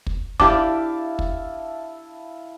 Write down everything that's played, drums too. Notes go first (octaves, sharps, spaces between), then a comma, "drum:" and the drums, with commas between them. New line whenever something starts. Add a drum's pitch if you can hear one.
drum: kick
D4 E4 G4 D5 F5 A5 D6, drum: kick
drum: kick